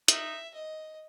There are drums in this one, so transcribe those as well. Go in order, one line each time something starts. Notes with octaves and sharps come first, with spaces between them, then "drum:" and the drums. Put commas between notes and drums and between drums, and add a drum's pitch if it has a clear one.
D#4 E5, drum: hi-hat
D#5